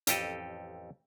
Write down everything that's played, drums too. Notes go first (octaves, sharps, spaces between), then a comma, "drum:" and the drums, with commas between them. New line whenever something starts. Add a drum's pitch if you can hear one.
A1 F2 G4 A4 D#5, drum: hi-hat